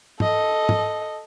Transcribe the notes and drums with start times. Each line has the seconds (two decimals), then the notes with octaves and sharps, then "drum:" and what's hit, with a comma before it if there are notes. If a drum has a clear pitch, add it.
0.20 A4 D#5, drum: tom G#2
0.69 drum: tom G#2